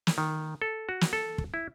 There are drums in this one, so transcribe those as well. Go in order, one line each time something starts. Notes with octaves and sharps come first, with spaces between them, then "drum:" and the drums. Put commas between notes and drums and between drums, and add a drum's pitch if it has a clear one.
drum: snare
D#3
A4
F#4
drum: snare
A4
drum: kick
E4